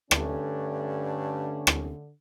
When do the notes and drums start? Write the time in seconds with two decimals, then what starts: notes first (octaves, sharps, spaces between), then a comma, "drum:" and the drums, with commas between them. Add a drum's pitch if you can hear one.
0.11 G2 D3 A3 C#4 D4, drum: rim click
1.67 drum: rim click